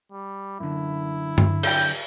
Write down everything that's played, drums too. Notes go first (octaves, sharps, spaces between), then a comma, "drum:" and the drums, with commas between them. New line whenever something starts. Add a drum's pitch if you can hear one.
G3
F#2 D3 E4
drum: tom
G5 G6, drum: cymbal